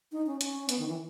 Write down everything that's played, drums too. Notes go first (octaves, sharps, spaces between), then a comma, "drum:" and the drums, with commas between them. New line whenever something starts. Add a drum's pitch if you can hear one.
D#4
C#4
C#4, drum: hi-hat
B3, drum: hi-hat
D#3
E3